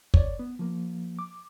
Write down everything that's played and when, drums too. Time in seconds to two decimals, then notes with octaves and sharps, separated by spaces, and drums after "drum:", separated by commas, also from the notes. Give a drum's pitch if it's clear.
0.14 C#5 D5, drum: kick
0.39 B3
0.59 F3 A#3
1.19 D6